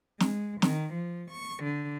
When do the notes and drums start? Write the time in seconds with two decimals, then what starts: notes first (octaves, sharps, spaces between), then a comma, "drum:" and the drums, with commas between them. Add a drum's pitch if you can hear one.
0.20 G#3, drum: snare
0.62 D#3, drum: snare
0.94 F3
1.33 C#6
1.64 D3